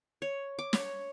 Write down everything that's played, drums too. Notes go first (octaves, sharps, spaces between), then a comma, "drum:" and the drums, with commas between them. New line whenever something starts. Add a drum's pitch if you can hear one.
C#5
D6
C#5, drum: snare